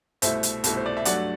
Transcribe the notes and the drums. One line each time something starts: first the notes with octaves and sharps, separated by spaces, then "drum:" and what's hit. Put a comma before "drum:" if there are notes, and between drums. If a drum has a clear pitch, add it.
C2 B2 A3 E4 C5 E5, drum: hi-hat
drum: hi-hat
C2 B2 A3 E4, drum: hi-hat
C5
D5
E5
G2 F#3 A3 D4 D5 F#5, drum: hi-hat